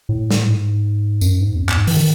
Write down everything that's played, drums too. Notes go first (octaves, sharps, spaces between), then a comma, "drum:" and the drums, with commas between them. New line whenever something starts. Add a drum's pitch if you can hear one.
A2
drum: snare
G#2
F#2, drum: tambourine
G#2
E2
F#2
E2, drum: clap
G#2
E3, drum: open hi-hat
D#3